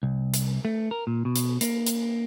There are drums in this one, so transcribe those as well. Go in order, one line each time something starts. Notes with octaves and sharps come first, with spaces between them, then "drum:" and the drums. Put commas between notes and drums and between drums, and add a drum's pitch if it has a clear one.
C2
drum: hi-hat
A3
A#4
A#2
B2
drum: hi-hat
A#3, drum: hi-hat
drum: hi-hat